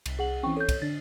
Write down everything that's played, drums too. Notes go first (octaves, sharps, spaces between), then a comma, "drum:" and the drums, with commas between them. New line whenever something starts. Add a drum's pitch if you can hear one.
C2, drum: cymbal
G#4 F#5 F#7
E3 C4 C#4 G5 C#6
A4 C#5 G6
drum: kick, cymbal
D3 D4 A6